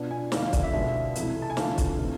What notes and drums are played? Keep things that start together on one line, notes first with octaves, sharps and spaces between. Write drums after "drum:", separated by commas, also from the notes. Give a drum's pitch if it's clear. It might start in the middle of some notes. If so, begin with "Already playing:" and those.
Already playing: B2 B3 D4 F4
G#5
D3 F3 A3 E4 F5, drum: snare
F5
D5, drum: kick, hi-hat
E5
B2 G#3 B3 E5
C3 E3 A3 E4, drum: hi-hat
A5
G#5
D3 F3 A3 F5, drum: snare
drum: kick, hi-hat
C3 E3 A3